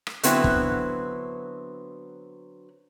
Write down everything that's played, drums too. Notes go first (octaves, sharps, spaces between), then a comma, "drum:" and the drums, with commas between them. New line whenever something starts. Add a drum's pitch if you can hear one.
drum: rim click
D3 F#3 B3 C4 E4 F#4, drum: hi-hat
drum: kick